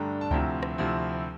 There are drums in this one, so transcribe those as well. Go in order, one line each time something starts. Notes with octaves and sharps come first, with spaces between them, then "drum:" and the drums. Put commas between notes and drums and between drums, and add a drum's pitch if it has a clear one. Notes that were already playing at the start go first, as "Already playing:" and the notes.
Already playing: G2 D3 A3 D4 G5 A#5
A5
D2 C3 F3 C4 E4 G5 A#5, drum: kick C#2
drum: rim click
D2 C3 F3 C4 E4